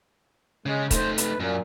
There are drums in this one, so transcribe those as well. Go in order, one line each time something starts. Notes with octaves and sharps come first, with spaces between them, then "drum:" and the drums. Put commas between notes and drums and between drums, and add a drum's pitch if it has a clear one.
C#3 G#3
A3 D#4 C5, drum: kick, hi-hat
B4, drum: hi-hat
F#2 A#2